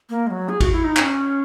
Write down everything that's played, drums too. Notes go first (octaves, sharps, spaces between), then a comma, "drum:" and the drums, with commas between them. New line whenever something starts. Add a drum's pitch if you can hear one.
A#3
G#3
F#3
G#4
F#4, drum: kick G#1, cymbal
E4
D#4
D#4, drum: clap
C#4